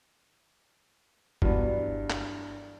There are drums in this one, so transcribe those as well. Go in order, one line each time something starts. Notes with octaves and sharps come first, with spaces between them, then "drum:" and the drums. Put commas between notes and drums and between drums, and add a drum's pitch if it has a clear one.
G2 E3 F#3 B3 D4, drum: kick F#1
drum: clap